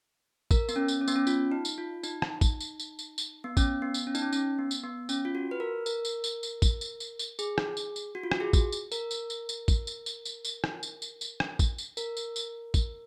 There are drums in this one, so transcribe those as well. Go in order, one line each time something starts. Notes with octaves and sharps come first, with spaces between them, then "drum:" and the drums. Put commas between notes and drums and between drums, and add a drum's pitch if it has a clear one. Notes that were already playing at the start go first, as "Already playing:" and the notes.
A#4, drum: kick, tambourine
B3, drum: tambourine
C#4
drum: tambourine
C#4
B3, drum: tambourine
C#4
F4, drum: tambourine
D#4
drum: tambourine
F4
D#4, drum: tambourine
drum: rim click
drum: kick, tambourine
drum: tambourine
drum: tambourine
drum: tambourine
drum: tambourine
B3
C#4, drum: kick, tambourine
B3
drum: tambourine
C#4
D#4, drum: tambourine
C#4
C#4, drum: tambourine
B3
drum: tambourine
B3
C#4, drum: tambourine
F4
F#4
B4
A#4
A#4, drum: tambourine
drum: tambourine
drum: tambourine
drum: tambourine
drum: kick, tambourine
drum: tambourine
drum: tambourine
drum: tambourine
G#4, drum: tambourine
drum: rim click
drum: tambourine
drum: tambourine
F#4
F4
F#4, drum: rim click
G#4
drum: kick, tambourine
drum: tambourine
A#4, drum: tambourine
drum: tambourine
drum: tambourine
drum: tambourine
drum: kick, tambourine
drum: tambourine
drum: tambourine
drum: tambourine
drum: tambourine
drum: rim click
drum: tambourine
drum: tambourine
drum: tambourine
drum: rim click
drum: kick, tambourine
drum: tambourine
A#4, drum: tambourine
drum: tambourine
drum: tambourine
drum: kick, tambourine